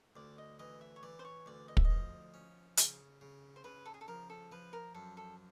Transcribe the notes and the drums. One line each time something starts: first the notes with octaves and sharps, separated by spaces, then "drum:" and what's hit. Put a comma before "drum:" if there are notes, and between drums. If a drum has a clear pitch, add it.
D2 D5
D#5
E3 D#5
E5
C#5
E3 D5
C5
C#5
D2 D5
D#5
E5, drum: kick
D#5
F3
C#4
C#3, drum: hi-hat
C#3
C5
C#3 B4
A4
G#4
A4
F3 A#4
A4
F3 B4
A#4
F#2 A4
A4